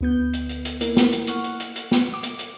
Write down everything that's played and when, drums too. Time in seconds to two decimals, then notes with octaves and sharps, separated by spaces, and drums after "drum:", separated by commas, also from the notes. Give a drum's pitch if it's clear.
0.01 D2 B3 G6
0.33 drum: hi-hat
0.49 drum: hi-hat
0.65 drum: hi-hat
0.81 A#3 E4 A#4, drum: hi-hat
0.97 drum: snare
1.12 drum: hi-hat
1.27 F#5 C#6 F6, drum: hi-hat
1.44 drum: hi-hat
1.60 drum: hi-hat
1.76 drum: hi-hat
1.91 drum: snare
2.14 D6
2.23 drum: hi-hat
2.39 drum: hi-hat